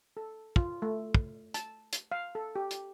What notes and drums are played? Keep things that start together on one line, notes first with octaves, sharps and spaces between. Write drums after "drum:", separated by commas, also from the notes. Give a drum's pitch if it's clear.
A4
F4, drum: kick
A3
drum: kick
A5, drum: hi-hat
drum: hi-hat
F5
A4
G4
drum: hi-hat